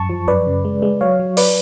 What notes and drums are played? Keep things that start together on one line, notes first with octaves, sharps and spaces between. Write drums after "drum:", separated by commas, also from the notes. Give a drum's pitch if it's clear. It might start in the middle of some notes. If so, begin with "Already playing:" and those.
Already playing: F#2 A5 C#6
F3
F#2 B4 D5
C#3
G#3
G#3
F#3 C#5 F5
F#3
B4 D5, drum: open hi-hat